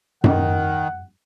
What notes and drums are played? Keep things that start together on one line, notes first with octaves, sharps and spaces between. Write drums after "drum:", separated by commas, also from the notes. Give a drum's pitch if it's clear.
D#3 F#5, drum: tom F#2